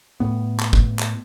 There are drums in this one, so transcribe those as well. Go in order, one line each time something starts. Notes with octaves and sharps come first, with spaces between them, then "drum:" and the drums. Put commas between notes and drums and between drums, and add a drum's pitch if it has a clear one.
A2 B3
drum: clap
drum: kick
drum: clap